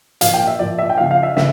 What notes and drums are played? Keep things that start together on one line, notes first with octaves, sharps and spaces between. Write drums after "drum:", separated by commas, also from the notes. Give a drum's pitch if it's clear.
A#2 F3 F5, drum: hi-hat
G5
E5
A#2 F3 D5
E5
G5
C#3 F3 F5
F5
E5
C#3 E5, drum: snare